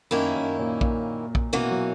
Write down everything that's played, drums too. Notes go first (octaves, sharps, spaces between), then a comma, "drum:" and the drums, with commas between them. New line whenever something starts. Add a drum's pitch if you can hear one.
F#2 D#3 A#3 C#4 E4
F#2
A#2
A#2, drum: kick
drum: kick
B2 E3 A#3 C#4 F#4
F#3